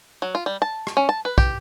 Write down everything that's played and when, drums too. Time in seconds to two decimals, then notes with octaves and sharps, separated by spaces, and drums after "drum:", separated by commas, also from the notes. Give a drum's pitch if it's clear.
0.22 F#3
0.35 F4
0.46 G3
0.62 A5
0.87 drum: rim click
0.97 C#4
1.09 A5
1.25 B4
1.38 G4, drum: kick